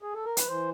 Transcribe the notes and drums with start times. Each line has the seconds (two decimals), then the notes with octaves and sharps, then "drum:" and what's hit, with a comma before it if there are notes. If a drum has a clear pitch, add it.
0.02 G#4
0.14 A4
0.25 A#4
0.37 B4, drum: hi-hat
0.47 E3 C5